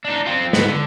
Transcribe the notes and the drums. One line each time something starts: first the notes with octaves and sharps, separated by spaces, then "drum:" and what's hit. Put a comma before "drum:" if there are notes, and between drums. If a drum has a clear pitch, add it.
D4 D#4
C4 F4
G#2 B3, drum: snare
D3